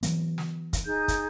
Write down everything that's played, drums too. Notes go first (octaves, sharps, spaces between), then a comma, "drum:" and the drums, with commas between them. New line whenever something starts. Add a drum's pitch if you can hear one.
E3 F#3 B3, drum: hi-hat
drum: snare
drum: kick, hi-hat
D#4 G#4 G6
drum: kick, hi-hat